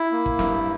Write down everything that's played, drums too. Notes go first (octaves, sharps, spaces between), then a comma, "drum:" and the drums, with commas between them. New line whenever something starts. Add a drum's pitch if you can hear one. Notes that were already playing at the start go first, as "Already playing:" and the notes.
Already playing: E4
A#3
drum: kick
G2, drum: snare